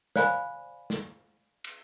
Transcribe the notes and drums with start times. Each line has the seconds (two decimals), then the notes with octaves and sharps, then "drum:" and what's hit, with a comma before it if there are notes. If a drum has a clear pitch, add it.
0.16 C5 D5 F5 G#5 B5, drum: snare
0.90 drum: snare
1.64 drum: cymbal